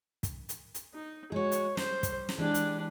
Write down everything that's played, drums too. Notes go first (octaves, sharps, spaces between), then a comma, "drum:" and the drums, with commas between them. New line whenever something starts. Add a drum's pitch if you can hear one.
drum: kick, hi-hat
drum: hi-hat
drum: hi-hat
D#4
G#3 F#4 C#5
drum: hi-hat
G3 C5, drum: snare
drum: kick, hi-hat
drum: snare
E3 G#3 D4 G4
drum: hi-hat